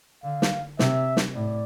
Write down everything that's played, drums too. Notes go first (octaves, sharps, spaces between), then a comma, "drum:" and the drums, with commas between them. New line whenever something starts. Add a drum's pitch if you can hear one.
D3 F5
drum: snare
C3 E5, drum: snare
drum: snare
A2 D5